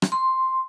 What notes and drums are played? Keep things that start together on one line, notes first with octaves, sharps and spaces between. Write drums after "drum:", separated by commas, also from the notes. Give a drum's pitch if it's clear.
drum: rim click
C6